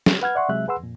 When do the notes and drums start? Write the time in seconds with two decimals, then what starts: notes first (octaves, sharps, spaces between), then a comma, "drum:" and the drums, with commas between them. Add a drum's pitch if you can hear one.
0.06 drum: snare
0.22 B4 F#5 F6 G#6
0.35 D5 E5 F#5 C6 C#6
0.49 C3 F#3 G#3 E5 F#6
0.68 G#4 B4 F#5 C6 E6
0.80 F2 A#2